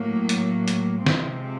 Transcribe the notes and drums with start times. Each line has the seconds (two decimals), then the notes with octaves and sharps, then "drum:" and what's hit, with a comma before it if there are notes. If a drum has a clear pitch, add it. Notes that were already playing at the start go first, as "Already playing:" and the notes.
Already playing: A2 F#3 A#3
0.29 drum: hi-hat
0.68 drum: hi-hat
1.06 C3 F3 G#3 C4, drum: snare